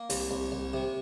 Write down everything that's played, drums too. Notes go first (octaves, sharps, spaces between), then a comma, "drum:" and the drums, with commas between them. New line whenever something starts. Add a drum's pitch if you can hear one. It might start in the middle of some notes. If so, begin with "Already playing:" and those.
Already playing: A#3
C2, drum: open hi-hat
C2
C2
C3